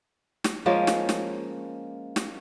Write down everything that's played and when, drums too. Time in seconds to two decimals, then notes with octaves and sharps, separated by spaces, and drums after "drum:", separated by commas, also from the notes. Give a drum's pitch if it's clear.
0.44 drum: snare
0.66 F3 G#3 A#3 C#4
0.87 drum: snare
1.09 drum: snare
2.16 drum: snare